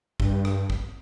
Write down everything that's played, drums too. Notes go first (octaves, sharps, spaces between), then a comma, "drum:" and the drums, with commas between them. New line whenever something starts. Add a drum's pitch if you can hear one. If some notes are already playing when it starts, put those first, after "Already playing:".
G2, drum: kick
drum: rim click
drum: kick